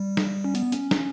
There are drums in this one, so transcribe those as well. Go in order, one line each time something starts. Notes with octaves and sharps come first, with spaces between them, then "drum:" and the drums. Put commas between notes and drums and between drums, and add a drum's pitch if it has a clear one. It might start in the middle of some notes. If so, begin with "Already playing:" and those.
Already playing: G3
drum: snare
C#4
B3, drum: hi-hat
C#4, drum: hi-hat
drum: snare